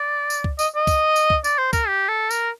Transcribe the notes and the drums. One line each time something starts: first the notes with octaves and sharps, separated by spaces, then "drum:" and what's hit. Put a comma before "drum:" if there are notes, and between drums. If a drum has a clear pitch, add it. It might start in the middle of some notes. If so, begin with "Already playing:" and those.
Already playing: D5
drum: tambourine
drum: kick C#2
D#5, drum: tambourine
D#5
drum: kick C#2, tambourine
drum: tambourine
drum: kick C#2
D5, drum: tambourine
C5
A#4, drum: kick C#2, tambourine
G4
A4
A#4, drum: tambourine